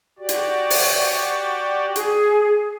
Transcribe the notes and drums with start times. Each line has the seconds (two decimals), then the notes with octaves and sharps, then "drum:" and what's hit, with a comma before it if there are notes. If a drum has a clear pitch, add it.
0.19 F#4 G4 D5
0.29 drum: hi-hat
0.70 drum: open hi-hat
1.96 G#4, drum: hi-hat